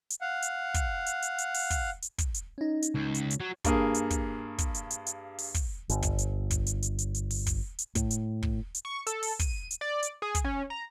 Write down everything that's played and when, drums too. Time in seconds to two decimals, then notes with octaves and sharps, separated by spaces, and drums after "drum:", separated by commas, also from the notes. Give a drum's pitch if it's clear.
0.10 drum: hi-hat
0.21 F5 F#5
0.42 drum: hi-hat
0.74 drum: kick, hi-hat
1.06 drum: hi-hat
1.22 drum: hi-hat
1.38 drum: hi-hat
1.54 drum: open hi-hat
1.70 drum: kick, hi-hat
2.02 drum: hi-hat
2.18 drum: kick, hi-hat
2.34 drum: hi-hat
2.58 C#4 D#4
2.82 drum: hi-hat
2.95 C#2
3.14 drum: hi-hat
3.30 drum: hi-hat
3.40 F#3
3.64 G2 A#3 G#4, drum: kick, hi-hat
3.94 drum: hi-hat
4.10 drum: kick, hi-hat
4.58 drum: kick, hi-hat
4.74 drum: hi-hat
4.90 drum: hi-hat
5.06 drum: hi-hat
5.38 drum: open hi-hat
5.54 drum: kick, hi-hat
5.89 G1, drum: hi-hat
6.02 drum: kick, hi-hat
6.18 drum: hi-hat
6.50 drum: kick, hi-hat
6.66 drum: hi-hat
6.82 drum: hi-hat
6.98 drum: hi-hat
7.14 drum: hi-hat
7.31 drum: open hi-hat
7.47 drum: kick, hi-hat
7.79 drum: hi-hat
7.95 A2, drum: kick, hi-hat
8.11 drum: hi-hat
8.43 drum: kick
8.75 drum: hi-hat
8.85 C#6
9.07 A4, drum: hi-hat
9.23 drum: open hi-hat
9.39 D#7, drum: kick, hi-hat
9.71 drum: hi-hat
9.81 D5
10.03 drum: hi-hat
10.22 G#4
10.35 drum: kick, hi-hat
10.44 C#4
10.70 A#5